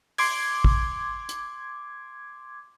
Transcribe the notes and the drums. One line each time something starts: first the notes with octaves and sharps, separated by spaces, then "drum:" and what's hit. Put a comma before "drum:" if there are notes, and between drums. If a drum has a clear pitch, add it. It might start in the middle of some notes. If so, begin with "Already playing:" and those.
C6 D6 G#6, drum: open hi-hat
drum: kick
drum: hi-hat